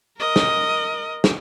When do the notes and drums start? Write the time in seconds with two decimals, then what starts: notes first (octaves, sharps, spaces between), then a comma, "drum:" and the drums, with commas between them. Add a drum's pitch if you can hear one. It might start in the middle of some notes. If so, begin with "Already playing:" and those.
0.18 A#4 D#5
0.36 drum: snare
1.24 drum: snare